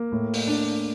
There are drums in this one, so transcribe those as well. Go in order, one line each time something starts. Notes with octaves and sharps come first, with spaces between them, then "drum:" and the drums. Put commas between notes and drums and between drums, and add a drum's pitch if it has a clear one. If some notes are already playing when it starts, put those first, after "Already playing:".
Already playing: A#3
A2
drum: open hi-hat
D4